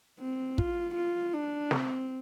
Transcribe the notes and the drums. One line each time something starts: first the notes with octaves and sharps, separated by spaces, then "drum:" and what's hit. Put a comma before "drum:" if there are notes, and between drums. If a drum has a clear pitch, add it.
C4
F4, drum: kick
F4
D4
C4, drum: snare